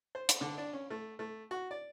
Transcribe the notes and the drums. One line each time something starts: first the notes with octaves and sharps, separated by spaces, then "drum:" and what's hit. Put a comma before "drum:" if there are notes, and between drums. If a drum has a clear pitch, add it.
C5
drum: hi-hat
D3
D4
C#4
A3
A3
F#4
D5